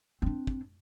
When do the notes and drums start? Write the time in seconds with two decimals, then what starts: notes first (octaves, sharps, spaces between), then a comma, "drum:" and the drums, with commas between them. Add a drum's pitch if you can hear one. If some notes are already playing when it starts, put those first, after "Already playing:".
0.22 C4 D4
0.47 drum: kick